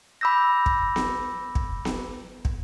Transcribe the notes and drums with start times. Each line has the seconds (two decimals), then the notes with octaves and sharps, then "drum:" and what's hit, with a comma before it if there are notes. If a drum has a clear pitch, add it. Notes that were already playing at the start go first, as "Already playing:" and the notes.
0.21 B5 D6 E6 G6 A#6
0.66 drum: kick
0.96 drum: snare B3
1.55 drum: kick
1.85 drum: snare B3
2.45 drum: kick